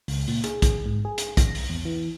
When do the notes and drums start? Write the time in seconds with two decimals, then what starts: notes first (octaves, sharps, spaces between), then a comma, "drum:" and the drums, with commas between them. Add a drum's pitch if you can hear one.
0.08 C#2, drum: open hi-hat
0.27 A#2, drum: open hi-hat
0.44 G#4, drum: hi-hat
0.62 drum: kick, hi-hat
0.86 G#2
1.05 G#4
1.18 drum: hi-hat
1.37 A#6, drum: kick, hi-hat
1.55 drum: open hi-hat
1.69 E2
1.85 E3